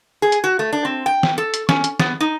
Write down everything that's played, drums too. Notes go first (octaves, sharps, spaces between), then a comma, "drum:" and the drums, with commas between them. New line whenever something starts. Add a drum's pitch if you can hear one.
G#4
drum: hi-hat
F#4
A3
D4
C4
G5
drum: snare
A4
drum: hi-hat
C#4, drum: snare
drum: hi-hat
B3, drum: snare
D#4